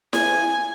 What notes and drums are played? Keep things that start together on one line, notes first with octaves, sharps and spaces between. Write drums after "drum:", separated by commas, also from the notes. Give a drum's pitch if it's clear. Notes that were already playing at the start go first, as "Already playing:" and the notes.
G#5, drum: snare E4